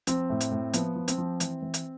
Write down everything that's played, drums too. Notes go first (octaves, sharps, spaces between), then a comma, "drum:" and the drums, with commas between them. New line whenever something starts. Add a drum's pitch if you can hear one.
F3 C4, drum: hi-hat
A2
drum: hi-hat
A2
F3 B3, drum: hi-hat
F3
C4, drum: hi-hat
F3
E3, drum: hi-hat
E3
drum: hi-hat